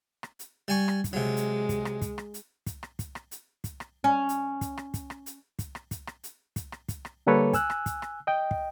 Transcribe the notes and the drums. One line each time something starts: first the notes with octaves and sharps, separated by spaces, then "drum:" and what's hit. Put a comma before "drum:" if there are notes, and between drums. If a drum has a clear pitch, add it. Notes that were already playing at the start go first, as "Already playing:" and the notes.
drum: rim click
drum: hi-hat
G3 G#5 C#6
drum: rim click
drum: kick, hi-hat
C3 F#3 G#3
drum: hi-hat
drum: kick, hi-hat
drum: rim click
drum: kick, hi-hat
drum: rim click
drum: hi-hat
drum: kick, hi-hat
drum: rim click
drum: kick, hi-hat
drum: rim click
drum: hi-hat
drum: kick, hi-hat
drum: rim click
C#4
drum: hi-hat
drum: kick, hi-hat
drum: rim click
drum: kick, hi-hat
drum: rim click
drum: hi-hat
drum: kick, hi-hat
drum: rim click
drum: kick, hi-hat
drum: rim click
drum: hi-hat
drum: kick, hi-hat
drum: rim click
drum: kick, hi-hat
drum: rim click
D3 G3 A#3 A4 B4 C#5
G#5 E6 F#6, drum: kick, hi-hat
drum: rim click
drum: kick, hi-hat
drum: rim click
D#5 G5
drum: kick